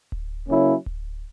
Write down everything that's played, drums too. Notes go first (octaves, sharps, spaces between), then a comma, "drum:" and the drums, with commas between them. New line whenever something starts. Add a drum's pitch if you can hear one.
drum: kick D1
C#3 F#3 A#3 C#4 E4
drum: kick D1